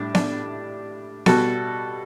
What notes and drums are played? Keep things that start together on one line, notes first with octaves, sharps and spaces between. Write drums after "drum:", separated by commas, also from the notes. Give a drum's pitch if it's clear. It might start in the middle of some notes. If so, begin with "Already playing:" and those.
Already playing: A2 G3 D4
D4, drum: snare B3
B2 G3 F#4 A4, drum: snare B3